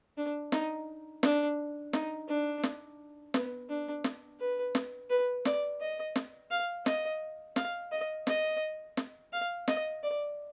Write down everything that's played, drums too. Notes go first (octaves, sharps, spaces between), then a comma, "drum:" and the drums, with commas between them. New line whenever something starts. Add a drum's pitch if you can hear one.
D4
D#4, drum: snare
D4, drum: snare
D#4, drum: snare
D4
drum: snare
B3, drum: snare
D4
drum: snare
B4
drum: snare
B4
D5, drum: snare
D#5
drum: snare
F5
D#5, drum: snare
F5, drum: snare
D#5
D#5, drum: snare
drum: snare
F5
D#5, drum: snare
D5